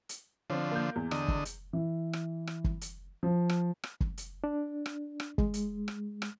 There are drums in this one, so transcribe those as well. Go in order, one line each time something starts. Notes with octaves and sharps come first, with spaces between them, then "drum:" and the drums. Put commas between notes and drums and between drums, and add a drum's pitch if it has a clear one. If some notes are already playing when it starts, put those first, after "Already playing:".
drum: hi-hat
D3 F3 C4 C#5
A#3 G6
E2
D3 D#5, drum: rim click
drum: kick
drum: hi-hat
E3
drum: rim click
drum: rim click
drum: kick
drum: hi-hat
F3
drum: rim click
drum: rim click
drum: kick
drum: hi-hat
D4
drum: rim click
drum: rim click
G#3, drum: kick
drum: hi-hat
drum: rim click
drum: rim click